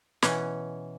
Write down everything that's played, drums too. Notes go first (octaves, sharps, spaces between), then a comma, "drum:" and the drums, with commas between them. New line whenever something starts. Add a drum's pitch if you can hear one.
B2 E3 C#4, drum: snare